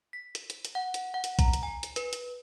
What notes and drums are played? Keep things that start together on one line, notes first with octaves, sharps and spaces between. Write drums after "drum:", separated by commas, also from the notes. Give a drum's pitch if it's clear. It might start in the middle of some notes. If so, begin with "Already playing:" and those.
B6
drum: hi-hat
drum: hi-hat
drum: hi-hat
F#5
drum: hi-hat
F#5
drum: hi-hat
A#5, drum: kick A#1, hi-hat
drum: hi-hat
G#5
drum: hi-hat
B4, drum: hi-hat
drum: hi-hat